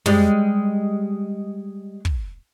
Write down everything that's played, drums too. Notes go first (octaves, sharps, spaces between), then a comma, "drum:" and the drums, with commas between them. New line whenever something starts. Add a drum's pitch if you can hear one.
G3 G#3, drum: tom
drum: kick